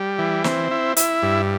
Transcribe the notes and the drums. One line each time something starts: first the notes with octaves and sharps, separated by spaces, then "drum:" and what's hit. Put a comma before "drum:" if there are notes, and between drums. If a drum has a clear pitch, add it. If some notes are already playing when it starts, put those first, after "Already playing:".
Already playing: G3
E3
C4, drum: snare
E4
E4, drum: hi-hat
G2